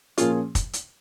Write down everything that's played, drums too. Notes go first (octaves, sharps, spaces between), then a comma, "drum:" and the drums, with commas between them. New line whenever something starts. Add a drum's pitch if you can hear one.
A#2 F3 A#3 C#4 F4 G#4, drum: hi-hat
drum: kick, hi-hat
drum: hi-hat